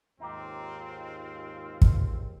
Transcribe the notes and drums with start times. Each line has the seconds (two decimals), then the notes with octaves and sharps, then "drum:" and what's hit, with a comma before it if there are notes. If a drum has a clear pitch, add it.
0.20 D#2 G#2 C4 D#4 F4 G4
1.82 drum: kick